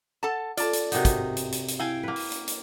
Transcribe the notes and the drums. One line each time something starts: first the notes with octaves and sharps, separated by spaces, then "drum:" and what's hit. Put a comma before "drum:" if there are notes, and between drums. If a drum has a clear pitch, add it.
A4 F#5 A5
F4 A4 D5 A5, drum: hi-hat
drum: hi-hat
C3 D#4 F#4 A#4 F#5, drum: hi-hat
drum: kick, hi-hat
drum: hi-hat
drum: hi-hat
drum: hi-hat
E4 F5 G5 G#5
A#3 B4
drum: open hi-hat
drum: hi-hat
drum: hi-hat